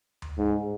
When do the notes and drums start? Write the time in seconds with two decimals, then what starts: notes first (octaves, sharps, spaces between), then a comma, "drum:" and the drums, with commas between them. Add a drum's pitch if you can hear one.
0.22 drum: tom D2
0.38 G#2